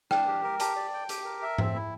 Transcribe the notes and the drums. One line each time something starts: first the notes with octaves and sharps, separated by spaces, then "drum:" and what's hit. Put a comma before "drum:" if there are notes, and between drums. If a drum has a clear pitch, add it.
D4 G5, drum: rim click
G4
A#4
G4 A5, drum: hi-hat
D5
G5
G4, drum: hi-hat
A#4
E5
C4, drum: tom G#2
E4